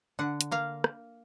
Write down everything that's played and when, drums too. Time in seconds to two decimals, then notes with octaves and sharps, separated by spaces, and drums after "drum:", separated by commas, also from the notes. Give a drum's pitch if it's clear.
0.19 D3 F#5
0.41 drum: hi-hat
0.51 A#3 F5
0.84 drum: rim click